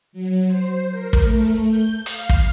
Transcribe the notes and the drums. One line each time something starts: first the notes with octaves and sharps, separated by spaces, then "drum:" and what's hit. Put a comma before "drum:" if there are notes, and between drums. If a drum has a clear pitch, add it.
F#3
C5
A#4
drum: kick
A3
G6
F5, drum: hi-hat
drum: kick